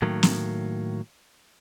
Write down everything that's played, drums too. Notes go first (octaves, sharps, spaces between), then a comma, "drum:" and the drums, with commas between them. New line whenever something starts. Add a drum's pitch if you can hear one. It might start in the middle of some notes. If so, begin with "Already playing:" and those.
A2 D#3 F#3 A#3
drum: snare